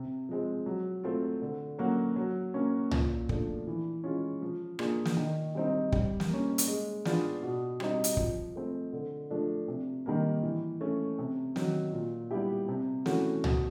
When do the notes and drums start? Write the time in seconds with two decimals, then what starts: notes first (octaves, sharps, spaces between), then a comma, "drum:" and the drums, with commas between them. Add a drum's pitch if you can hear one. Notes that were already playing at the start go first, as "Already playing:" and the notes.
Already playing: C3
0.29 F3 G#3 C4
0.66 F#3
1.04 A3 C4 F4
1.42 D3
1.79 F#3 A#3 C#4 F#4
2.16 F#3
2.54 A#3 C#4
2.91 A#2, drum: tom
3.29 F3 A3 D4, drum: kick
3.67 E3
4.04 G#3 C#4 F4
4.42 F3
4.79 A#3 D4 F4 G#4, drum: rim click
5.05 drum: snare
5.17 D#3
5.55 G3 C4 D#4
5.92 G3, drum: kick
6.20 drum: snare
6.29 A#3 C#4
6.58 drum: hi-hat
6.68 G#3
7.05 B3 D4 F4 G#4, drum: snare
7.43 B2
7.80 G3 C4 D#4, drum: rim click
8.04 drum: hi-hat
8.17 F3, drum: kick
8.56 A3 C4
8.93 D3
9.31 F3 A3 D4
9.68 C3
10.06 D#3 G3 A#3
10.43 E3
10.81 A3 C#4
11.19 C3
11.56 D#3 F#3, drum: snare
11.93 A#2
12.31 G3 B3 E4 G4
12.68 C3
13.06 E3 A3 C#4 F#4, drum: snare
13.44 B2, drum: tom